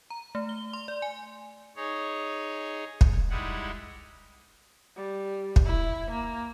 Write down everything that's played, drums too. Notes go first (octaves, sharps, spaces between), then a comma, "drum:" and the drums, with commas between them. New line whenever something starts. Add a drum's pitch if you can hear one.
A#5
A3
G7
C6
D5
G#5
D#4 G#4 C#5
drum: kick
G3 G#3 D#4 E4 F#5
G3
drum: kick
E4
A#3